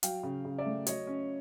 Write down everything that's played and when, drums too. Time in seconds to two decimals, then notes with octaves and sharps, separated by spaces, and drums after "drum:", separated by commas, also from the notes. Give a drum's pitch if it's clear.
0.03 F#3 F5 G5, drum: hi-hat
0.23 C#3
0.45 C#3
0.58 D5 E5
0.66 A3
0.87 F#3 C#5 D#5, drum: hi-hat
1.07 C#4